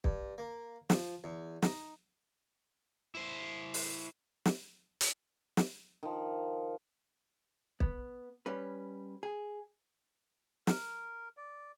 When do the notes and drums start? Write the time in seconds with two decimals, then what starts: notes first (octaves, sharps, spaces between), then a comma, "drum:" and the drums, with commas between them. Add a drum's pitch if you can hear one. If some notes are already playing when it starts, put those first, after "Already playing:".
0.04 G2, drum: kick
0.38 A#3
0.90 F3, drum: snare
1.24 E2
1.62 D#4, drum: snare
3.15 E4 C5
3.74 drum: open hi-hat
4.45 drum: snare
5.01 drum: hi-hat
5.57 drum: snare
6.03 D#3 F3
7.80 B3, drum: kick
8.46 G3 C#4 B4
9.23 G#4
10.67 A#4, drum: snare
11.37 D5